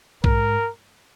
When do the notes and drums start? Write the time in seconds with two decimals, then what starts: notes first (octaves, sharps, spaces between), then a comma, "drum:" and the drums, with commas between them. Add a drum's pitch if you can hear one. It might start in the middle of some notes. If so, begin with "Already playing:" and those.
0.24 G#2 A#4, drum: kick A#1